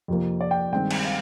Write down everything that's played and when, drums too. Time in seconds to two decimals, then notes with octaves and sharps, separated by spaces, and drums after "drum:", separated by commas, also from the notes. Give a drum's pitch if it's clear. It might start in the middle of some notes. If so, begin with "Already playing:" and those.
0.08 F2 C3 F3 A#3
0.41 D5
0.51 G5
0.72 G2 D#3 G#3 C4 G5
0.91 drum: cymbal
1.05 F5